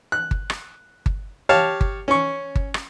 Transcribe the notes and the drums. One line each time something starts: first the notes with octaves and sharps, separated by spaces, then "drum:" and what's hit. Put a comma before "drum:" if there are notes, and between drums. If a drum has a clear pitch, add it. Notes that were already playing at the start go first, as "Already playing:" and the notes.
F#6
drum: kick G1
drum: rim click
drum: kick G1
G4 C#5 F5 A5
drum: kick G1
C#4 C#6
drum: kick G1
drum: rim click